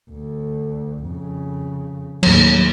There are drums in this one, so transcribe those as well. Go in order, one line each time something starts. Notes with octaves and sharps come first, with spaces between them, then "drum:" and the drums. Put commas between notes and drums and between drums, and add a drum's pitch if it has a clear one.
D2
F2 C#3
D#2 A2 F#3, drum: cymbal